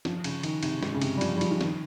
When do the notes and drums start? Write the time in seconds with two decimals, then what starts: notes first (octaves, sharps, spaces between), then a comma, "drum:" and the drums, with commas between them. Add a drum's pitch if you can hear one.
0.05 F3, drum: snare
0.24 C#3, drum: cymbal
0.43 D#3, drum: cymbal
0.63 C3, drum: cymbal
0.83 G#2, drum: snare
0.94 C#3
1.01 C3, drum: cymbal
1.17 G3
1.21 F3, drum: cymbal
1.37 G3
1.41 F3, drum: cymbal
1.51 F3
1.61 D#3, drum: snare